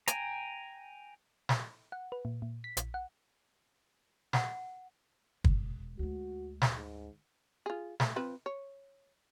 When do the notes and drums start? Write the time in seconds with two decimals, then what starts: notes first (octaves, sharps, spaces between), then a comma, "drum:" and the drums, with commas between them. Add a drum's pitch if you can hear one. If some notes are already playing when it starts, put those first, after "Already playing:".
0.08 G5 G#5 A#5, drum: hi-hat
1.49 drum: snare
1.92 F#5
2.12 B4
2.25 A#2
2.42 A#2
2.64 B6
2.77 A#1, drum: hi-hat
2.94 F#5
4.33 F#5, drum: snare
5.44 E1, drum: kick
5.99 D2 G#3 F#4
6.62 drum: snare
6.75 G#2
7.66 F4 G#4
8.00 A3, drum: snare
8.16 F3 C4 B4
8.46 C#5